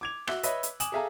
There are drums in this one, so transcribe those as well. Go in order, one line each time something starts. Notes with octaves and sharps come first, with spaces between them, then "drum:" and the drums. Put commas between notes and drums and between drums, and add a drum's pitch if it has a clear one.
D6 G#6 F7
F#4 E5 E6 F#6 G7, drum: rim click
B4 C#5 D#5 E5 B5, drum: hi-hat
drum: hi-hat
G#5 D6 D#6 E7 F#7, drum: hi-hat
G#4 A4 E5 F5 G#5 A#5